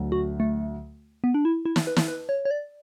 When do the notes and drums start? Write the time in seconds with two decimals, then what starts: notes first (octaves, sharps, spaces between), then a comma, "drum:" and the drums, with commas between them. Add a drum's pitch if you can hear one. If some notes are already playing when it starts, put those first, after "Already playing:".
Already playing: D2 D3 F#3
0.12 F#4
0.40 A3
1.24 B3
1.34 D4
1.45 E4
1.65 E4
1.76 drum: snare
1.87 B4
1.96 drum: snare
2.08 B4
2.29 C#5
2.45 C#5
2.51 D5